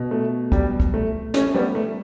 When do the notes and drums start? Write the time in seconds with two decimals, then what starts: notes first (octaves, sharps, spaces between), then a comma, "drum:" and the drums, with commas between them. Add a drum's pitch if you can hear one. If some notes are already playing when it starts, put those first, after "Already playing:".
Already playing: B2
0.11 A3
0.52 G3, drum: kick
0.80 drum: kick
0.94 A3
1.34 A3 C#4, drum: snare
1.54 G3 B3
1.75 A3